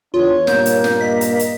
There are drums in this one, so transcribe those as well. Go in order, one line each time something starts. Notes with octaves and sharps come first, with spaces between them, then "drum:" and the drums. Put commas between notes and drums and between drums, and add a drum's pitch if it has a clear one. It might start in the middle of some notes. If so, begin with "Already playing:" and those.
E2 D4 F4 C#5
G2 A#2 A#3 G6, drum: snare
drum: hi-hat
drum: snare
D#5 B6
drum: hi-hat
drum: hi-hat